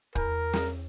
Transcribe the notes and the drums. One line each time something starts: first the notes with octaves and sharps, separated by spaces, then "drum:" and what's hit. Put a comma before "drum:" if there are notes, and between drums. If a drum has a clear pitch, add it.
E2 A#4 B5, drum: kick
drum: snare